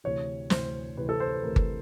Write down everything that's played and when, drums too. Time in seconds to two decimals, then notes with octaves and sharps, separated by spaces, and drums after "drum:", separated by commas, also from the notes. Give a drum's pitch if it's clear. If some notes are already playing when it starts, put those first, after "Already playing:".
0.04 D2 C3 E3 C#5
0.50 D2 C3 E3 C5, drum: snare
0.97 D2 C3 E3 B4
1.09 A4
1.20 C5
1.32 B4
1.43 D2 C3 E3 A#4
1.56 drum: kick G1